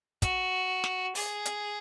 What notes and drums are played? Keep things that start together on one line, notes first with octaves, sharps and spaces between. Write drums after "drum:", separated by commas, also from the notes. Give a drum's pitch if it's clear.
F#4, drum: kick, hi-hat
drum: snare
G#4, drum: open hi-hat
drum: hi-hat